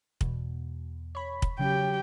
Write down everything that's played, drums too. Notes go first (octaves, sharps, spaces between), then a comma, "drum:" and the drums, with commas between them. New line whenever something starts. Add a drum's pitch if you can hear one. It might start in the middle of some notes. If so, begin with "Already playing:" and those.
E2 B2, drum: kick
C#5 B5
drum: kick
C#3 F#3 C#4 G4 G5